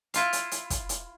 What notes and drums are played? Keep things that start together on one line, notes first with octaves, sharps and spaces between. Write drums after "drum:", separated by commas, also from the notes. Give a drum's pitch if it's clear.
E4 F4 F5, drum: hi-hat
drum: hi-hat
drum: hi-hat
drum: kick, hi-hat
drum: hi-hat